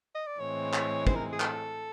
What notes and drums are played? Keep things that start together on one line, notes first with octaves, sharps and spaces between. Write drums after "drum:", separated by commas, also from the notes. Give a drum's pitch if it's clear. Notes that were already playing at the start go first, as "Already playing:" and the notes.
D#5
D5
A2 E3 G#3 C4 C#5
drum: clap
C5, drum: kick
A#4
G#4
A4, drum: clap